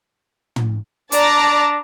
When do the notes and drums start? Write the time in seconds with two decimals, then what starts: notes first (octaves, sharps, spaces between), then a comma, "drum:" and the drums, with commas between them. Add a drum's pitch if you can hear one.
0.56 drum: tom
1.12 D4 D5 A5 A#5, drum: hi-hat